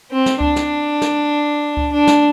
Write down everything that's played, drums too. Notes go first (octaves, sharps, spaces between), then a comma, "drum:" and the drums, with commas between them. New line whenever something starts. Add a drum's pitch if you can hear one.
C4
drum: snare
D4, drum: kick C#2
drum: snare
drum: snare
drum: kick C#2
D4
drum: snare